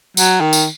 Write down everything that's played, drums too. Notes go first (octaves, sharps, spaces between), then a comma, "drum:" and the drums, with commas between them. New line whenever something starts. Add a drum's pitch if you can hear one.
F#3, drum: tambourine
D#3
drum: tambourine